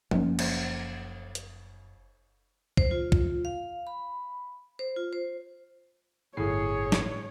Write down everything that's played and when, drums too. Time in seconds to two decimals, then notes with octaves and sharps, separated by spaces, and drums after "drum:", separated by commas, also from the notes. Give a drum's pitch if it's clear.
0.11 F#1 F3 A#3 C#4, drum: tom F#3
0.39 drum: cymbal
1.35 drum: hi-hat
2.77 C5, drum: kick
2.91 F4
3.12 drum: kick
3.45 F5
3.87 B5
4.79 C5
4.96 F4
5.13 C5
6.37 G1 A2 G#4 C#5 C7
6.92 drum: snare